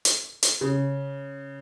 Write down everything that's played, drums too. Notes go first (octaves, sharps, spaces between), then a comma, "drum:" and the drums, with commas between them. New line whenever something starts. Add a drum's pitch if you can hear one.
drum: hi-hat
drum: hi-hat
C#3